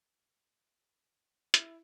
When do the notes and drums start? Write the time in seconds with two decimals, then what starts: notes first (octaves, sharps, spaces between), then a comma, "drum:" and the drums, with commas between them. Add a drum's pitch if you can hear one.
1.54 E4, drum: hi-hat